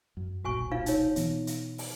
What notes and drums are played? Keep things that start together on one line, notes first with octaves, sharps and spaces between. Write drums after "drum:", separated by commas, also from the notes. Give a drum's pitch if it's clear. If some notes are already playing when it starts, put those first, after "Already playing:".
F#2
D#1 B1 A#2 F#4 G#5 C#6
D4 F4 F5
D#4 C#5, drum: hi-hat
B2 E3 B3, drum: hi-hat
drum: hi-hat
drum: open hi-hat